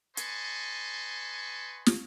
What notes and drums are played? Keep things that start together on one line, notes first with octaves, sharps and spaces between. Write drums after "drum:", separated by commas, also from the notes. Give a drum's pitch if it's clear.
B4 D#5 G#5 A5 C6 C#6, drum: hi-hat
drum: snare